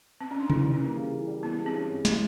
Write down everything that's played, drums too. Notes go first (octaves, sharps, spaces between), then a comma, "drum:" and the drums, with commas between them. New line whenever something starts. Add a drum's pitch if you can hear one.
C4
C#4
D4
E3 C#4 D#4, drum: tom C3
G3
C#4
A#3
C#3
E3
G3
E3 B3
G#3
C4
C#4
G2
E3, drum: snare